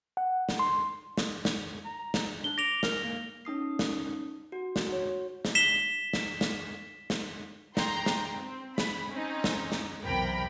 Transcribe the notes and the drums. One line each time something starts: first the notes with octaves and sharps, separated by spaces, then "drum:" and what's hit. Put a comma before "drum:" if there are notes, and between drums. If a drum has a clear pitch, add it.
F#5
drum: snare
C6
drum: snare
drum: snare
A#5
drum: snare
D4 G7
D6 A#6 F7
A#4, drum: snare
A#3
C#4 D#4 D#6 C7
drum: snare
F#4
drum: snare
F#4 C#5
drum: snare
B6 E7 G7
drum: snare
drum: snare
drum: snare
G5 A#5 C6, drum: snare
drum: snare
C4
B5, drum: snare
C4 C#4 D#4
drum: snare
drum: snare
B1 E2 C3 A#4 G5 B5